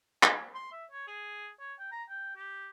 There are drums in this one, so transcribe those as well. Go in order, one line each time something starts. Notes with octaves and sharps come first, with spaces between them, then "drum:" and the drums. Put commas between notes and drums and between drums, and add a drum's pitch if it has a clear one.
G#5, drum: clap
C6
E5
C#5
G#4
C#5
G5
A#5
G5
G4